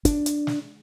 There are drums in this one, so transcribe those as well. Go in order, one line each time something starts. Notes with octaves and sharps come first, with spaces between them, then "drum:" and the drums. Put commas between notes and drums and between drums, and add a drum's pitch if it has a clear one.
D4, drum: kick, hi-hat
drum: hi-hat
drum: snare